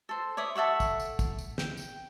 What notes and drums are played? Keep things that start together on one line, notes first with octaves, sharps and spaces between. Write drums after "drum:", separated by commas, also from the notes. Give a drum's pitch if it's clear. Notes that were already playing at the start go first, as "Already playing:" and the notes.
A4 C5
C#5 D5 E5 D#6
A4 E5 F#5 C#6
drum: kick, tambourine
drum: tambourine
drum: kick, tambourine
drum: tambourine
G5, drum: snare
drum: tambourine